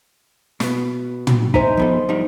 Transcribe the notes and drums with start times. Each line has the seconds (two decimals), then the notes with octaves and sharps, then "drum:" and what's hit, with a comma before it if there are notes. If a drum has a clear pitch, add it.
0.60 B2 B3, drum: snare
1.27 drum: tom
1.54 D#4 C5 E5 G#5 A#5, drum: kick
1.77 F3 B3 A4
2.09 F3 G3 D#4